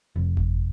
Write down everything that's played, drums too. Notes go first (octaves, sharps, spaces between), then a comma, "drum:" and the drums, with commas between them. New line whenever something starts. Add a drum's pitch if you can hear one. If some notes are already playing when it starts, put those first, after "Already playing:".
F1
drum: kick G1